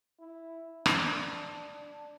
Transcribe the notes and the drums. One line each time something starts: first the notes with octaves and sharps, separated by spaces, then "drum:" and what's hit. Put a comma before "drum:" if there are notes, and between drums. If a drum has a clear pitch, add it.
E4
D4, drum: rim click